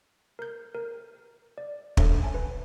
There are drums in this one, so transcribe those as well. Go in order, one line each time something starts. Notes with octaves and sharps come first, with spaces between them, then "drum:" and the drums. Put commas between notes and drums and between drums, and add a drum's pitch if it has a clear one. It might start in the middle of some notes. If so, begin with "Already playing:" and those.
A#4 G6
A#4
D5
C#4 D4 A4 C#5 E5, drum: kick
G#5 A5
B4